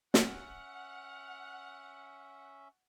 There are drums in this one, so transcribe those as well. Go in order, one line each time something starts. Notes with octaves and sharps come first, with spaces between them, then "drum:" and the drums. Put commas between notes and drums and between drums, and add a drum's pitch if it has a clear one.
C#4 E5 F#5 F6, drum: snare